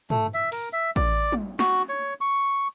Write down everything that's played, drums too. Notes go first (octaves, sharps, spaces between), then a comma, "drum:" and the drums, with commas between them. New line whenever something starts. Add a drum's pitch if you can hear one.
A3, drum: tom
E5
A#4, drum: open hi-hat
E5
D5, drum: kick A1
drum: tom
F#4, drum: snare
C#5
C#6